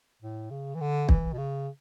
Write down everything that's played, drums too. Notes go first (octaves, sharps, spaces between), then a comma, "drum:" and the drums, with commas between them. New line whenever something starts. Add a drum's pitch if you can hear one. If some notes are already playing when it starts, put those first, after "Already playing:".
A2
C#3
E3
D3
E3, drum: kick
B2
C#3